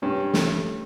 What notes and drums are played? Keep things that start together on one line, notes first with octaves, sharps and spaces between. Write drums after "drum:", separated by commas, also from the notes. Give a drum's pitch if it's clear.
G2 C#4
A3, drum: snare